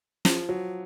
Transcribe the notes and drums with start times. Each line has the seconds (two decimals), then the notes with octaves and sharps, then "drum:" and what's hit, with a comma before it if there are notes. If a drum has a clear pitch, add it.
0.25 F3, drum: snare
0.49 F#3